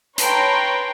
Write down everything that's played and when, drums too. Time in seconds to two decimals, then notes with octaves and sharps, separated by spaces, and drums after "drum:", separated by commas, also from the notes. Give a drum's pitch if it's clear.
0.18 B4 C#5 G5 A5 A#5 C6, drum: hi-hat